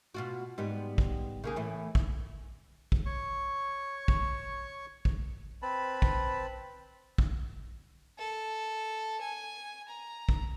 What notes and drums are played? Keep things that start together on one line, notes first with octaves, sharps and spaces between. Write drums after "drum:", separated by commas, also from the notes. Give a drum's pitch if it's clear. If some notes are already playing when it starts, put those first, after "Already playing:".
B2 F4 F#4
G#2 G3 B3
drum: kick
C#3 A#3 G#4
A2 E3
drum: kick
drum: kick
C#5 C#6
drum: kick
drum: kick
C4 B4 A5 B5
drum: kick
drum: kick
A4
G#5
A#5
drum: kick